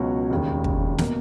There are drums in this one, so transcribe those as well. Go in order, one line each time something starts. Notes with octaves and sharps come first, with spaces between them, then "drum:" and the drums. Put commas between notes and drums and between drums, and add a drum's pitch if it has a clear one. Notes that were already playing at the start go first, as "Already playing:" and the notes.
Already playing: C#2 B2 F#3 C#4 F#4
E1 D#2 C#3
drum: kick
B2 A#3, drum: snare